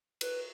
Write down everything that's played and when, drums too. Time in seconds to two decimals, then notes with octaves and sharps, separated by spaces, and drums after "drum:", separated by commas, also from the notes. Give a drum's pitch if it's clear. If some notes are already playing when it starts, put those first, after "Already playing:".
0.21 B4, drum: cymbal